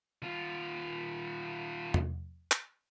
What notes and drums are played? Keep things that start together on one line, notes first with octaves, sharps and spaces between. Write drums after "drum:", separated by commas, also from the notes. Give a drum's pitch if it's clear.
D#3 F4
drum: tom E2
drum: clap